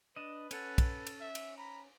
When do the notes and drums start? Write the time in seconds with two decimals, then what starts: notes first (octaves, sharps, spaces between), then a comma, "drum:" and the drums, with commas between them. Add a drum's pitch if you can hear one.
0.16 D4 B4 D#5
0.51 C#4 A4 F#5, drum: cymbal
0.78 drum: kick, cymbal
1.07 drum: cymbal
1.21 E5
1.35 drum: cymbal
1.58 A#5 B5